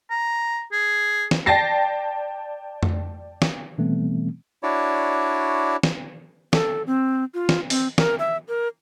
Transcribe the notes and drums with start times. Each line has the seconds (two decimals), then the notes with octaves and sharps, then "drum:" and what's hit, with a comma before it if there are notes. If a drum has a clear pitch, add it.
0.11 A#5
0.72 G#4
1.31 drum: snare
1.46 D5 G5 A5 A6 A#6 C7
2.83 drum: tom F2
3.42 drum: snare
3.78 B2 E3 G3 A3 B3 C4
4.63 D4 E4 F#4 C#5 D5
5.83 drum: snare
6.53 A4, drum: snare
6.87 C4
7.34 F4
7.49 drum: snare
7.70 C4, drum: open hi-hat
7.98 A#4, drum: snare
8.19 E5
8.49 A#4